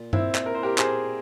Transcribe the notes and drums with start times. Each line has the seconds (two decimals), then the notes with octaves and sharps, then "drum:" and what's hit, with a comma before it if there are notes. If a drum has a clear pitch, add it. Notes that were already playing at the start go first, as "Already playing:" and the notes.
Already playing: A#2
0.13 C4 E4, drum: tom G2
0.35 drum: clap
0.46 A#4
0.55 C5
0.63 G4 A#4
0.78 G#4 C5, drum: clap